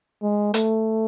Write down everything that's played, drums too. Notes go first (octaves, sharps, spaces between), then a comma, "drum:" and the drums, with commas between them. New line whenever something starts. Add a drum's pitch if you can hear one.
G#3
A3, drum: hi-hat